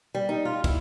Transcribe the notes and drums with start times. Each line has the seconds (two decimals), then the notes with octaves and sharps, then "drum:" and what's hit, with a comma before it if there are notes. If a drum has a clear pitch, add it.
0.15 G3
0.29 D#4
0.45 F4
0.64 E4, drum: kick, cymbal